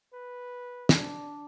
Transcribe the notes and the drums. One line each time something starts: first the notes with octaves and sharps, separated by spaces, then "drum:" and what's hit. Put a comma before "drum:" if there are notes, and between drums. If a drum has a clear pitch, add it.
B4
D4, drum: snare